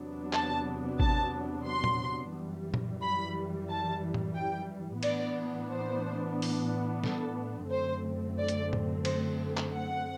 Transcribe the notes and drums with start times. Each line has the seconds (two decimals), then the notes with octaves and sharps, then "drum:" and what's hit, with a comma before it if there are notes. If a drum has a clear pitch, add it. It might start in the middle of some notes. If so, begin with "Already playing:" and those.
Already playing: E2 C3 F#3 B3 D4
0.33 A5, drum: clap
1.00 A5, drum: kick G#1
1.67 C6
1.84 drum: tom A#2
2.34 F#2 E3 G3
2.74 drum: tom A#2
3.02 B5
3.69 A5
4.14 drum: tom A2
4.35 G5
5.03 A2 E3 B3 D4 D5, drum: cymbal
5.70 C5
6.42 drum: open hi-hat
7.04 A4, drum: snare
7.70 F#2 D3 A3 C4 C5
8.38 D5
8.48 drum: hi-hat
8.73 drum: tom A2
9.05 C5, drum: cymbal
9.57 drum: clap
9.72 F#5